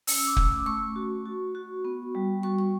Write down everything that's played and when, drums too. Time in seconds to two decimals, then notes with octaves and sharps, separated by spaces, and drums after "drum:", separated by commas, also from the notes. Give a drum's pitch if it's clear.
0.07 C#4 E6, drum: open hi-hat
0.27 D6
0.36 A3, drum: kick
0.47 E6
0.66 A3 C#6
0.96 F#4
1.26 F#4
1.55 F#4
1.85 B3
2.15 G3
2.43 F#4 C#6
2.59 C#6